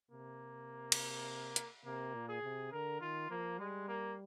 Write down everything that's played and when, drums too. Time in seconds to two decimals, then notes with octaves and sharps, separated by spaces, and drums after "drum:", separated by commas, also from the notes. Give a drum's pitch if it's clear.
0.11 C3 A#3
0.92 drum: cymbal
1.56 drum: hi-hat
1.85 C3 A#3
2.14 A#2
2.29 G#4
2.43 C3
2.72 D3 A#4
3.01 D#3 F4
3.30 F3 A#3
3.59 G3 G#3
3.88 A#3